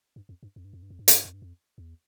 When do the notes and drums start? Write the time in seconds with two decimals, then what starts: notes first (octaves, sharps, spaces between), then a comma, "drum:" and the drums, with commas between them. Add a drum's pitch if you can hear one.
0.16 G2
0.29 F2
0.43 G2
0.56 F2
0.65 G2
0.73 F2
0.83 G2
0.90 F2
0.99 G2
1.08 F2, drum: hi-hat
1.16 G2
1.25 F2
1.34 G2
1.42 F2
1.78 E2